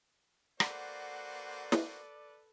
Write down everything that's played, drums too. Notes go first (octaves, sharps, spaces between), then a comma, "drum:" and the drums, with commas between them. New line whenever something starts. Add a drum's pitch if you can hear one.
A#3 F#4 A4 B4 C5 D5 F#5, drum: rim click
drum: snare